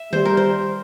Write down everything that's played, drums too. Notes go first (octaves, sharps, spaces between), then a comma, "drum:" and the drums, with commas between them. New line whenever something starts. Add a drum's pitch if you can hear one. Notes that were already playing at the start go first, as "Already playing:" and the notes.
Already playing: E5
G3 C5, drum: tom D#3
A#4
C5